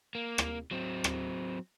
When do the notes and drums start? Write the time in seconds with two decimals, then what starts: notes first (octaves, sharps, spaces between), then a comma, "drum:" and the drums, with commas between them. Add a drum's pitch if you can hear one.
0.15 A#3
0.38 drum: rim click
0.71 F#3 C4
1.04 drum: rim click